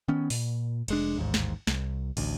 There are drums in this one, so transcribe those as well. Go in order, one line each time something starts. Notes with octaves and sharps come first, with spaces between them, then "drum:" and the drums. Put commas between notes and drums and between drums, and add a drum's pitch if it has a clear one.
D#3 B3 C#4
A#2, drum: open hi-hat
F1 G#3 D4, drum: cymbal
A1 D#2 G#2
drum: snare
C2, drum: snare
A1 D2, drum: cymbal